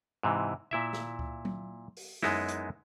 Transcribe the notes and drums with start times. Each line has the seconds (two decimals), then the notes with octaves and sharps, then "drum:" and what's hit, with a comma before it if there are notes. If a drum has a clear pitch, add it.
0.23 G#2 C3 E3
0.71 A#2 E4 E5
0.93 drum: snare
1.19 drum: kick C#2
1.45 drum: tom F#3
1.97 drum: open hi-hat
2.23 F#2 G#3 B3 D#4 E4, drum: snare
2.48 drum: hi-hat